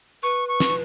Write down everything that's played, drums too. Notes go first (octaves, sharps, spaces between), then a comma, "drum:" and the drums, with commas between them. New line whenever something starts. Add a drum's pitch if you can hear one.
B4 C#6
C#6
drum: snare